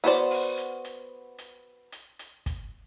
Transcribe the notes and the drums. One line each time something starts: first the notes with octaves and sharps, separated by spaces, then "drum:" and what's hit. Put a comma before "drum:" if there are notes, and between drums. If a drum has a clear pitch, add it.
B3 F#4 C5 D5
drum: open hi-hat
drum: hi-hat
drum: hi-hat
drum: hi-hat
drum: hi-hat
drum: hi-hat
drum: kick, hi-hat